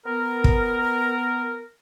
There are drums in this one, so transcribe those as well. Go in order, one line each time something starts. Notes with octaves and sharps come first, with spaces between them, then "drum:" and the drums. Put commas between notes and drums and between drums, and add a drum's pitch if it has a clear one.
B3 A#4
drum: kick